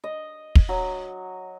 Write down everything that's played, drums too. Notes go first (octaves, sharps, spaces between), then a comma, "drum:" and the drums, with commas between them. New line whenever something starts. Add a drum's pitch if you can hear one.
D#5
drum: kick
F#3